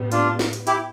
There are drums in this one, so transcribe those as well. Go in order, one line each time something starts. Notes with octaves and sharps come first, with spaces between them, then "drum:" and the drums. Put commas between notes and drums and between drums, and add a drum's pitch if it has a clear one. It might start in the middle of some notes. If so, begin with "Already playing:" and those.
Already playing: A2 G3 B3
D4 F4, drum: hi-hat
drum: snare
drum: hi-hat
E4 G4, drum: hi-hat